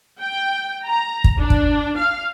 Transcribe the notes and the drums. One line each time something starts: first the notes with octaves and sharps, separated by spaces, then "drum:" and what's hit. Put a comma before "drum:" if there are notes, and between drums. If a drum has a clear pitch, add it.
G5
A#5
drum: kick
D4
drum: kick
F5